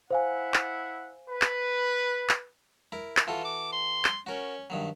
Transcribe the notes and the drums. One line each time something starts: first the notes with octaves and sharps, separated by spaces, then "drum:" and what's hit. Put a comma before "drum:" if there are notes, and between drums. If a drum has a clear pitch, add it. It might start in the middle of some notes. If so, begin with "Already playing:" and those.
E4 C5 F5 F#5 G#5
drum: clap
B4
drum: clap
drum: clap
E4 A#4
drum: clap
E3 F4 F#4 A4
D6
C6
drum: clap
C#4 F#4 A#4
G2 D#3 F#3